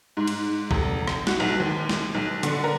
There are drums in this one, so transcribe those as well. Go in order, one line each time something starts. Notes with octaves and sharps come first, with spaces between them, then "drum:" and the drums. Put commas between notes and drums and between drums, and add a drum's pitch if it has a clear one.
G#2
drum: cymbal
F1, drum: kick
drum: rim click
F#4, drum: snare
B1
D#2
drum: snare
B1
D3, drum: hi-hat
A#4